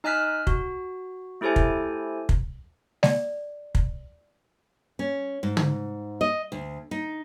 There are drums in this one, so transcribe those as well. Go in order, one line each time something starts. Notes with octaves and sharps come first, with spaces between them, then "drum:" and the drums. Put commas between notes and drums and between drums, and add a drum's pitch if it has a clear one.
D#4 D#5 G#5 F6 F#6 B6
F#4, drum: kick
A3 E4 G4 A4 C5 G#5
drum: kick
drum: kick
D5, drum: snare
drum: kick
C#4
G#2
drum: tom
D#5
D2
D#4